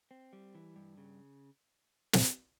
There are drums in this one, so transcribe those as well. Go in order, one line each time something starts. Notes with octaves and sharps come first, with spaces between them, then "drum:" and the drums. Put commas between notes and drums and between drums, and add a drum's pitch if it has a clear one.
C4
G3
E3
G2
C#3
drum: snare